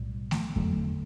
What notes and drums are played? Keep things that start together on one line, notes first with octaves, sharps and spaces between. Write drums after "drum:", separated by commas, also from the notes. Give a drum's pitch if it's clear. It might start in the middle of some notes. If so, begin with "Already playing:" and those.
Already playing: B1 A2 G3
drum: snare A3
E2 D3 F#3 A3, drum: kick F2